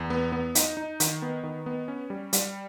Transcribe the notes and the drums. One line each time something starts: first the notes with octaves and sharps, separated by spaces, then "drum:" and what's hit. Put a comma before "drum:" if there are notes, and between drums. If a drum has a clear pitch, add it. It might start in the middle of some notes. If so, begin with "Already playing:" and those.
Already playing: E2
B3
B3
D#4, drum: hi-hat
D#4
D#3, drum: hi-hat
B3
D#3
B3
C#4
G3
G3, drum: hi-hat